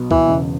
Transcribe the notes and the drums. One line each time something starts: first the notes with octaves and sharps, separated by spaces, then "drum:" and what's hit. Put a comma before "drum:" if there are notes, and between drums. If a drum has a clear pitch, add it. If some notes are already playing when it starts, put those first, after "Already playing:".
Already playing: B1 B2 B3
E3, drum: kick C#2
E1 E2 C#3